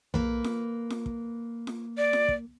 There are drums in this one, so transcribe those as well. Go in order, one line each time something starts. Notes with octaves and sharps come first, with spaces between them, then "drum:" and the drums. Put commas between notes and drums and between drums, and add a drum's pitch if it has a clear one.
A#3 B4, drum: tom B1
drum: snare F4
drum: snare F4
drum: kick
drum: snare F4
D5
drum: snare F4
drum: kick